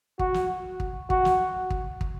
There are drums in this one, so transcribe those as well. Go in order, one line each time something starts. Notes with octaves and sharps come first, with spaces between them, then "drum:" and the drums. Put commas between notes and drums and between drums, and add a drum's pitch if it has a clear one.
F#4, drum: kick
drum: snare
drum: kick
F#4, drum: kick
drum: snare
drum: kick
drum: kick